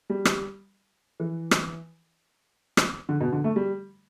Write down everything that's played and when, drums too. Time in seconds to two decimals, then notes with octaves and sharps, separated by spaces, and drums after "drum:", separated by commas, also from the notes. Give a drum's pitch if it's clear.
0.10 G3
0.25 drum: rim click
1.20 E3
1.51 drum: rim click
2.77 drum: rim click
3.09 D3
3.20 B2
3.32 D3
3.44 A3
3.56 G3